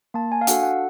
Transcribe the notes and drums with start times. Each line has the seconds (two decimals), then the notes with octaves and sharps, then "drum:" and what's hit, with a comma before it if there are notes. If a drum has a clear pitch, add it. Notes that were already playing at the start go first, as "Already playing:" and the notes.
0.14 A#3 A5
0.32 G#5
0.41 F5
0.47 D4 F#4 A4 F#5, drum: hi-hat
0.63 F#5